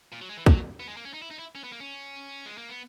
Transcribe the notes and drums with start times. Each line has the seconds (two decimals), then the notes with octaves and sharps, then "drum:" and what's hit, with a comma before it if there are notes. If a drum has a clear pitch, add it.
0.12 A#2
0.22 F#3
0.30 G#3
0.37 E3
0.46 F#3, drum: kick
0.80 B3
0.88 G#3
0.97 A#3
1.05 C#4
1.14 D#4
1.22 E4
1.31 D#4
1.39 E4
1.55 C#4
1.64 B3
1.72 A#3
1.80 C#4
2.46 G#3
2.58 A#3
2.69 B3